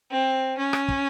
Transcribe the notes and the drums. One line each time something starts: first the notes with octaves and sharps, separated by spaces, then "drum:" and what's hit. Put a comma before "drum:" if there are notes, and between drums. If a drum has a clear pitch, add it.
C4
C#4
drum: rim click
drum: kick